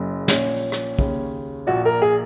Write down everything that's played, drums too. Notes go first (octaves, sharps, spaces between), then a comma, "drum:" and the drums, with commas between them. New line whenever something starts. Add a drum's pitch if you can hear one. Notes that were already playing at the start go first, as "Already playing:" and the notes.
Already playing: F#1 F#2 C#3
A#1 A#2 C#4, drum: snare
drum: rim click
D#2 C#3, drum: kick
A#1 A#2 F#4
A#4
G#4